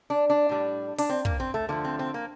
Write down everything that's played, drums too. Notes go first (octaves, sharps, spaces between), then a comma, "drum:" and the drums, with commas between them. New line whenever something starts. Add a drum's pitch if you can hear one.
D4
D4
A2 G3
D4, drum: open hi-hat
C4
A#3, drum: kick
C4
A3
D3 F3 A3 A#3
C4
C4
A#3